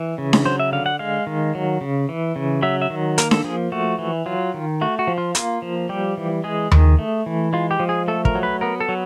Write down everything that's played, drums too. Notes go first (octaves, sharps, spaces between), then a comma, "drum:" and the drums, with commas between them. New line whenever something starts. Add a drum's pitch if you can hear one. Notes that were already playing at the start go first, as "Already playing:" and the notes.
Already playing: E3
C#3
drum: snare D4
F#3 C5
E5
D3 F5
F#5
G#3 F5
D#3
F#3
C#3
E3
C#3
F#3 E5
E5
D#3
A#3 A#4, drum: hi-hat
A4, drum: snare D4
F3 G#4
A3 F#4
E3
F#3 F4
D#3
A3 F#4
F#4
F3
F4
A#3 F4, drum: hi-hat
F3
G3 G4
E3
G#3 G#4
D#3, drum: tom D#2
A3
E3
G#3 F4
G4
F3
G#4
A3 A4
A#4, drum: kick
F#3
B4
B3 A#4
A4
F#3